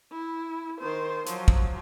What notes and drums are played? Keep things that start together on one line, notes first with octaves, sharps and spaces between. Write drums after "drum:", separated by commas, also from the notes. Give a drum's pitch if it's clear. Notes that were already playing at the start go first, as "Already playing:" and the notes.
E4
D#3 C5
F3 F#3, drum: hi-hat
drum: kick